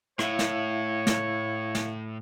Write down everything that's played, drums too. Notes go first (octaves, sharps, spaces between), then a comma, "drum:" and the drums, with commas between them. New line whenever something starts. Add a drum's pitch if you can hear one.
A2 E4 C#5 E5 F5, drum: rim click
drum: snare
drum: snare
drum: snare